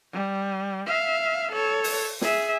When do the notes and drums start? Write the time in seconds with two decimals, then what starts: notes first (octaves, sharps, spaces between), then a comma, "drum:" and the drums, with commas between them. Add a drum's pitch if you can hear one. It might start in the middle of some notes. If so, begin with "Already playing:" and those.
0.12 G3
0.87 E5 F5
1.52 A4 C#5
1.84 drum: open hi-hat
2.21 G#4 E5, drum: snare